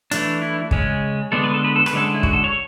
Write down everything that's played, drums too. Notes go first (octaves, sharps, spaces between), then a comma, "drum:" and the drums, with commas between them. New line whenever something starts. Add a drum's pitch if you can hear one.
E3 A3 D4, drum: hi-hat
E4
C#3 G#3 C#4, drum: kick
D3 G#3 B3 D4 A4
B4
A4
B4
A4
B4, drum: rim click
D3 G#3 C#4 A4
E4
F#4, drum: kick
A4
C#5